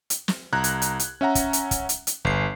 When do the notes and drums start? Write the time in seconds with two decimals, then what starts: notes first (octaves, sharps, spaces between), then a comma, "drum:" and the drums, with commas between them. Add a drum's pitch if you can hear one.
0.10 drum: hi-hat
0.28 drum: snare
0.53 C2 A#5 F#6 G#6
0.64 drum: hi-hat
0.82 drum: hi-hat
0.99 drum: hi-hat
1.21 C#4 E5 F#5 A#5
1.35 drum: kick, hi-hat
1.53 drum: hi-hat
1.71 drum: kick, hi-hat
1.89 drum: hi-hat
2.07 drum: hi-hat
2.25 G1 C7, drum: kick